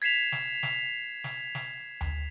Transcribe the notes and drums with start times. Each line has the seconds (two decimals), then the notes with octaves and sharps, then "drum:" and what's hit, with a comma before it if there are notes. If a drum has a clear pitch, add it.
0.02 G#6 B6 C7 E7 F7
0.32 drum: snare
0.63 drum: snare
1.24 drum: snare
1.55 drum: snare
2.01 drum: tom D2